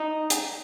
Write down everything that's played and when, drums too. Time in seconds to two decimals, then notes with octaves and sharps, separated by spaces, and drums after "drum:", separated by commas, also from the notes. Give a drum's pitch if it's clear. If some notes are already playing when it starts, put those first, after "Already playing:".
Already playing: D#4
0.30 drum: hi-hat